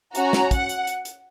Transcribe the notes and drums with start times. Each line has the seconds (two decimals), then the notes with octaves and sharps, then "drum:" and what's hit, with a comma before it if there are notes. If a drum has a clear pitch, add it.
0.15 C#4 F#4 A#5, drum: hi-hat
0.33 drum: snare
0.51 F#5, drum: kick, hi-hat
0.69 drum: hi-hat
0.87 drum: hi-hat
1.05 drum: hi-hat